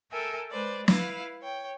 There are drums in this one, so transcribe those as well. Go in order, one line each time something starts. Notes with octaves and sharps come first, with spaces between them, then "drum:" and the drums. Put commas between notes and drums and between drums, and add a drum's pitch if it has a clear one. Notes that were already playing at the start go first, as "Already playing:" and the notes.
A4 A#4 E5 G5 G#5
G#3 B4 C5 D5
E4 B4 F5, drum: snare
C#5 G5